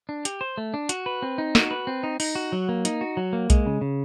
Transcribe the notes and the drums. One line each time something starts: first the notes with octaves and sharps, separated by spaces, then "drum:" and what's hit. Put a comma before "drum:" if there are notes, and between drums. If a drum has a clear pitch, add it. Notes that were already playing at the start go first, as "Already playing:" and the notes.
D4
G4, drum: hi-hat
C5
A3
D4
F#4, drum: hi-hat
B4
C4
D#4
F#4, drum: snare
B4
C4
D#4
D#4, drum: open hi-hat
F#4
F#3
A#3
D#4, drum: hi-hat
F#4
F#3
A#3
G#3, drum: kick B1, hi-hat
C#3
C#3